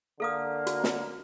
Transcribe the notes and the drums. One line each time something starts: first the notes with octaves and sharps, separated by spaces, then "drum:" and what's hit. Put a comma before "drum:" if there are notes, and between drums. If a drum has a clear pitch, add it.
D3 A#3 A4 F5 D#6
F#4, drum: hi-hat
drum: snare